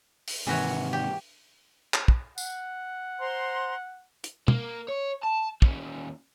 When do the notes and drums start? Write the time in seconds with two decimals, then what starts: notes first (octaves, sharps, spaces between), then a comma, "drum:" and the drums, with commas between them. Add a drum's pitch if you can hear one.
0.28 drum: open hi-hat
0.47 G#2 C3 D#3 E3 F#4 C#5
0.93 G4
1.94 drum: clap
2.08 drum: kick
2.38 F#5, drum: tambourine
3.20 C5 A#5 C6
4.24 drum: hi-hat
4.48 A#3, drum: tom
4.88 C#5
5.23 A5
5.62 D#2 C#4, drum: kick